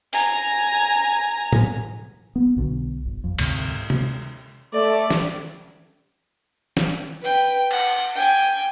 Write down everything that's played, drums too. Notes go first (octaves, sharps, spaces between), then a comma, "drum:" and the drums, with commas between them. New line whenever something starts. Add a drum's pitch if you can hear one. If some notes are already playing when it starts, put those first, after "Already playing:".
G#5 A#5, drum: open hi-hat
drum: tom A2
B3
B1 B2 D3
G1
F2
D2 G#2 C3, drum: cymbal
drum: tom C3
A3 D5
drum: snare
drum: snare
B4 G5
F#5, drum: cymbal
G5 G#5